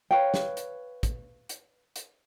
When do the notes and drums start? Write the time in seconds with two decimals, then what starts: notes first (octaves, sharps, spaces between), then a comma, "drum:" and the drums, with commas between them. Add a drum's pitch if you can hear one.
0.11 B4 C#5 F5 G5
0.34 drum: snare
0.57 drum: hi-hat
1.03 drum: kick, hi-hat
1.49 drum: hi-hat
1.96 drum: hi-hat